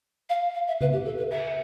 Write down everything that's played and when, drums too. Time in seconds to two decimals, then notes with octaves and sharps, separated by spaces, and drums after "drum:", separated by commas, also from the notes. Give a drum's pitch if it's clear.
0.30 F5
0.55 F5
0.68 E5
0.81 B4, drum: tom C#3
0.92 G4
1.05 A4
1.18 B4
1.31 E5, drum: cymbal